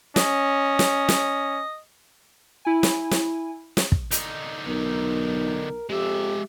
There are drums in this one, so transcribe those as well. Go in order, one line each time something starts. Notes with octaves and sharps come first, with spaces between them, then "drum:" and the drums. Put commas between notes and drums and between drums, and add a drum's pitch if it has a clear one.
C#4 D#5, drum: snare
drum: snare
drum: snare
E4 G#5
drum: snare
drum: snare
drum: snare
drum: kick
D3 D#4, drum: hi-hat
B1 A#4
F2 G#3 G4 E5